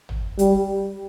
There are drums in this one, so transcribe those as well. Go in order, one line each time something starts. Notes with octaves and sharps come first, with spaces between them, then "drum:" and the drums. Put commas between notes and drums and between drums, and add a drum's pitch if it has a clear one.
drum: tom
G3, drum: hi-hat